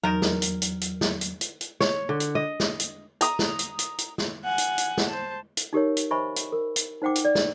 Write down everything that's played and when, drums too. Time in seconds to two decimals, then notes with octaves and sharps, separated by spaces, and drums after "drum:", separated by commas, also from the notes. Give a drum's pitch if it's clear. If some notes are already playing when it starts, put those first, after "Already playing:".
0.03 E2 D#3 F#3 A#4
0.22 drum: snare
0.42 drum: hi-hat
0.62 drum: hi-hat
0.81 drum: hi-hat
1.01 drum: snare
1.21 drum: hi-hat
1.41 drum: hi-hat
1.61 drum: hi-hat
1.81 C#5, drum: snare
2.09 D3
2.20 drum: hi-hat
2.35 D#5
2.60 drum: snare
2.80 drum: hi-hat
3.21 A#5 D#6, drum: hi-hat
3.39 drum: snare
3.59 drum: hi-hat
3.79 drum: hi-hat
3.98 drum: hi-hat
4.18 drum: snare
4.44 F#5 G#5
4.58 drum: hi-hat
4.78 drum: hi-hat
4.98 drum: snare
5.08 C5 A5
5.57 drum: hi-hat
5.73 D#4 G4 A#4 C#5
5.97 drum: hi-hat
6.11 C5 D#5 E5 G#5 B5 C#6
6.36 drum: hi-hat
6.52 A#4
6.76 drum: hi-hat
7.02 D#4 C5 F#5 G5 D6
7.15 drum: hi-hat
7.25 D5
7.35 drum: snare